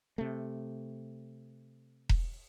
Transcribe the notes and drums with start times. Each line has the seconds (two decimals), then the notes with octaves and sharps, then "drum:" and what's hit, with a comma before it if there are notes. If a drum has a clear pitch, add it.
0.18 C3 A3
2.09 drum: kick E1